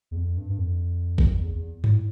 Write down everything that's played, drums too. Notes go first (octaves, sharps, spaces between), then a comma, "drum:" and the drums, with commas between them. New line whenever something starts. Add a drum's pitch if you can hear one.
E2
F2
G2
G2
F2
drum: kick A1
F2
E2
E2
A2, drum: tom G2